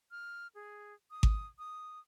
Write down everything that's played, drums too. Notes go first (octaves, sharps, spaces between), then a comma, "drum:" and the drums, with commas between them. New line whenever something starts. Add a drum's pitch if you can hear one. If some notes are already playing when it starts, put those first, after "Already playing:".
F6
G#4
D#6
drum: kick G#1
D#6